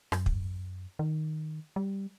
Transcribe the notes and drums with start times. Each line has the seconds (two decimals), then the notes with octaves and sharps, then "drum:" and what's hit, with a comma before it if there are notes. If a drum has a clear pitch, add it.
0.12 F#2, drum: rim click
0.26 drum: kick
0.99 D#3
1.76 G3